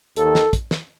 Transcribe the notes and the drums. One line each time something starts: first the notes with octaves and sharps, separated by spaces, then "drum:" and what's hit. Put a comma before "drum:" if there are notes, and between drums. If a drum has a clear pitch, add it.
D#2 D#3 A4, drum: hi-hat
drum: snare
drum: kick, hi-hat
drum: snare